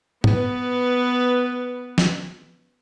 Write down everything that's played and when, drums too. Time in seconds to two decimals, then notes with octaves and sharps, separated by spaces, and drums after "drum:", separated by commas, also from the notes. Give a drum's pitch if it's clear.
0.24 B3 B4, drum: tom G#2
1.98 drum: snare